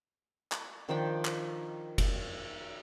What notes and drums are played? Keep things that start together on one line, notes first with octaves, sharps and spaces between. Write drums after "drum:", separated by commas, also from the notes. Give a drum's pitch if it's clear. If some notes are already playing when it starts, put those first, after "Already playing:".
drum: clap
D#3 F3 D4 G5
drum: clap
drum: kick F#1, cymbal